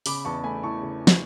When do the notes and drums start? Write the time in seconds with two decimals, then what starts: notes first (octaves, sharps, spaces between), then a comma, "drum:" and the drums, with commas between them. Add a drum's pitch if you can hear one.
0.06 C#3 B5 D6, drum: open hi-hat
0.25 E2 A5 C#6
0.44 A3 G#5 B5
0.63 E3 A5 C#6
0.82 C#3
1.07 drum: snare